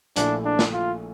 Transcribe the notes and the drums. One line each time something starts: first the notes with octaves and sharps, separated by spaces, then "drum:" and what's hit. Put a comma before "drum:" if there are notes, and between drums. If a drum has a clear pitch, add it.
A#1 A#2 A3 D4 E4, drum: hi-hat
D4
drum: snare
F4